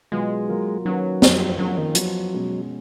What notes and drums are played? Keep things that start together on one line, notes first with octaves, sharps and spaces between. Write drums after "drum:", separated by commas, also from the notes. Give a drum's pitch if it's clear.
B2 F#3 G#3 B3 F4
F#3 A#3 F4 A#4
D#3 F#3 A#3 C#4 F#4 B4
F#2 F3 A#3 D#4, drum: snare
F3 F#3 A#3 C#4 F4
D#3
F3 F#3 B3 F4, drum: hi-hat
B2 G#3 C#4 F#4